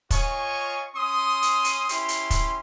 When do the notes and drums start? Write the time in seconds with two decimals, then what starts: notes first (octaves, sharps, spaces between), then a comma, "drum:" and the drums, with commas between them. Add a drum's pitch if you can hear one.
0.11 F4 C#5 D#5 G#5 C#6, drum: kick, hi-hat
0.95 C#4 C6 D#6
1.42 drum: hi-hat
1.64 drum: hi-hat
1.89 C#4 E4 G4 C6, drum: hi-hat
2.08 drum: hi-hat
2.30 drum: kick, hi-hat